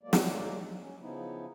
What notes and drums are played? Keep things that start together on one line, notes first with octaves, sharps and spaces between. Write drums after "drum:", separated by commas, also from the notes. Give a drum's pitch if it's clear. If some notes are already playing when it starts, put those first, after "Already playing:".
F#3 G#3 A#3 D5
drum: snare
C#4
C#3 F3 B3 D#4 E4